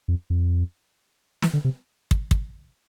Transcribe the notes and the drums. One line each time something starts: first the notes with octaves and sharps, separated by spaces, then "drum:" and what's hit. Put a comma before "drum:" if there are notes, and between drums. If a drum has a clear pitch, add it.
F2
F2
E3, drum: snare
D3
C3
drum: kick
drum: kick